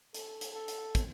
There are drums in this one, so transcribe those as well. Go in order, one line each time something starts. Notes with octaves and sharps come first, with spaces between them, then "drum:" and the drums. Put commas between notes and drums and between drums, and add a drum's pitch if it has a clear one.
A4, drum: hi-hat
drum: hi-hat
A4
drum: hi-hat
drum: kick, hi-hat